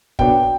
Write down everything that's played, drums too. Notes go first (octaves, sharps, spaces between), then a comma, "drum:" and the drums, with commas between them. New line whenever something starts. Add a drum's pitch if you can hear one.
B1 B2 B3 D4 G5, drum: kick